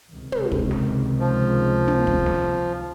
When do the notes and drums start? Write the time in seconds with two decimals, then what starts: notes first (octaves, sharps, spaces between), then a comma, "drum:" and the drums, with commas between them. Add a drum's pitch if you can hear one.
0.13 C#2 C3 D#3
0.32 drum: tom
0.52 drum: kick
0.71 drum: snare
1.19 F3
1.88 drum: tom
2.07 drum: kick
2.26 drum: snare